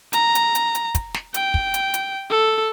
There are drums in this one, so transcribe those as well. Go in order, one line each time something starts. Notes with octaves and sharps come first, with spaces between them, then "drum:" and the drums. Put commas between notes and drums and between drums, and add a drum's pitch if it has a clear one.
A#5, drum: hi-hat
drum: hi-hat
drum: hi-hat
drum: hi-hat
drum: kick, hi-hat
drum: snare
G5, drum: hi-hat
drum: kick
drum: hi-hat
drum: hi-hat
A4